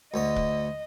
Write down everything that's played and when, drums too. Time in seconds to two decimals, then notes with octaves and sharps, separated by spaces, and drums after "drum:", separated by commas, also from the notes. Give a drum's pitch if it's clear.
0.14 D2 D3 D#5 D#6
0.36 drum: kick